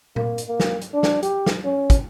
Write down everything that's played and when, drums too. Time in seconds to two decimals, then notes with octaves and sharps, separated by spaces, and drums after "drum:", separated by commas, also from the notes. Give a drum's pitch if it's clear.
0.16 A#3, drum: tom A#2
0.38 drum: hi-hat
0.48 A#3
0.60 drum: snare
0.81 drum: hi-hat
0.93 D4
1.03 drum: snare
1.23 G4, drum: hi-hat
1.46 drum: snare
1.65 C#4
1.90 drum: kick, hi-hat